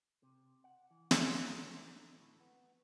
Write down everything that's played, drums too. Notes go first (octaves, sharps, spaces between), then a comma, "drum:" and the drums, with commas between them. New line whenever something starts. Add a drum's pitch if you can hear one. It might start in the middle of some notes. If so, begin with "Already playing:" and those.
C3
F#5
E3
B2, drum: snare
A#3
A#4
D3
A2
B3